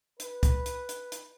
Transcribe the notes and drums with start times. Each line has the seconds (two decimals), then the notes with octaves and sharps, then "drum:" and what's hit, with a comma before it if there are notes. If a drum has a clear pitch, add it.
0.20 B4, drum: hi-hat
0.43 drum: kick, hi-hat
0.66 drum: hi-hat
0.89 drum: hi-hat
1.12 drum: hi-hat